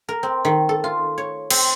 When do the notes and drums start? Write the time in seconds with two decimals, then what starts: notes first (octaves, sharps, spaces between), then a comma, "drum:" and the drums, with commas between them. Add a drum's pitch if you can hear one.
0.09 A#4
0.23 C4
0.45 D#3
0.69 A4
0.84 F4
1.18 C#5
1.50 C4, drum: cymbal